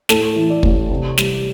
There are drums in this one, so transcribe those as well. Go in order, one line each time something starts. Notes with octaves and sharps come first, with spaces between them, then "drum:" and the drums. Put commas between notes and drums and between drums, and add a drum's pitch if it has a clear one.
A2 A4, drum: snare
E3
D5
A1, drum: kick
C3
G3, drum: snare